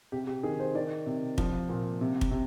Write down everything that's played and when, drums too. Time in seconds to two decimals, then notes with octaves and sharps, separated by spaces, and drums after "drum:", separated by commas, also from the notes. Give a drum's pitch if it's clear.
0.12 C3 G4
0.27 G4
0.43 D#3 G#4
0.60 C5
0.75 D#3 D5
1.06 C3
1.38 F3, drum: kick
1.69 A#2
2.01 C3
2.21 drum: kick
2.31 C3